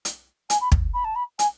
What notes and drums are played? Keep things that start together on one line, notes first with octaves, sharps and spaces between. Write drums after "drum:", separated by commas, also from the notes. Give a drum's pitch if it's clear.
drum: hi-hat
G#5, drum: hi-hat
B5
drum: kick
B5
A5
B5
G#5, drum: hi-hat